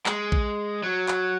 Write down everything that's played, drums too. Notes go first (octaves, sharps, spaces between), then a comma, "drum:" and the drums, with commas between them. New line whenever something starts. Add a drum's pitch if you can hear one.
G#3, drum: clap
drum: kick A1
F#3
drum: clap